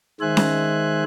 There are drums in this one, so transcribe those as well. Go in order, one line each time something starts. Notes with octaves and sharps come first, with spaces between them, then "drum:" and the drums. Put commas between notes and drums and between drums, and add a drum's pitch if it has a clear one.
D#3 G#3 C5 E5 G#5 F#6
drum: snare C#4